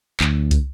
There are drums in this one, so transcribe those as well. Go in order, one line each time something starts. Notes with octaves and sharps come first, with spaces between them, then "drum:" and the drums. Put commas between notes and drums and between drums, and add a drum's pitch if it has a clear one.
D2, drum: clap
drum: kick, hi-hat